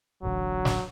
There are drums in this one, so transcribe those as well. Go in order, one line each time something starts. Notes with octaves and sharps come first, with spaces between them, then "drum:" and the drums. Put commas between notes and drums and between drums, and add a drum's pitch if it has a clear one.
D1 A1 D3 F#3
drum: snare